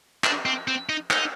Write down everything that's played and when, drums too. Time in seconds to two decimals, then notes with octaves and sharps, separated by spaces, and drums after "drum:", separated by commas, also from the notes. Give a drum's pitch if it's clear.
0.24 D4, drum: clap
0.46 C4
0.68 C4
0.89 D#4
1.11 D#4, drum: clap